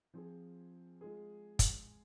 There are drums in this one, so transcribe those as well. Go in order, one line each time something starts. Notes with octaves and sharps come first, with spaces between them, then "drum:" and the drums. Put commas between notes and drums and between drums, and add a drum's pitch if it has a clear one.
F3 C4 F4 G#4
G#3 F4 G#4
drum: kick, hi-hat